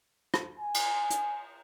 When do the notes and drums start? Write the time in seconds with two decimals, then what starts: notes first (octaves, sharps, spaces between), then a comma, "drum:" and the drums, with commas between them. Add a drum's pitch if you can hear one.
0.34 drum: rim click
0.59 G#5
0.74 drum: cymbal
1.10 drum: hi-hat